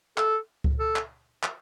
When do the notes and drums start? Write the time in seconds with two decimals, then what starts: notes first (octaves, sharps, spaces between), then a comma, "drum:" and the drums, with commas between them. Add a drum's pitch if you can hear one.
0.18 A4, drum: clap
0.64 drum: kick C#2
0.80 A4
0.96 drum: clap
1.43 drum: clap